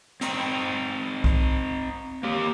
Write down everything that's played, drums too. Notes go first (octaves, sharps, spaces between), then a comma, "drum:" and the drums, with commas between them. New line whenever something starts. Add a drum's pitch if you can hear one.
C4 D#4 G5, drum: hi-hat
drum: kick B1
A#3 G4